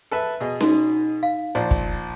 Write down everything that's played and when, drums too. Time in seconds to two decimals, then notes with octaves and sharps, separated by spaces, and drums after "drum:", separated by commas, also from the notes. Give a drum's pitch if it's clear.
0.11 A4 B4 E5
0.40 B2 G#4 D#5
0.61 D#4 F#4, drum: snare C#4
1.23 F5
1.55 A#1 C5 D5
1.71 drum: kick